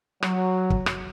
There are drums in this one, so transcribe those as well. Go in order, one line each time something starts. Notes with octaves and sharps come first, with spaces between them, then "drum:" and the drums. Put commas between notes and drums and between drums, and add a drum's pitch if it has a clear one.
F#3, drum: rim click
drum: kick
drum: rim click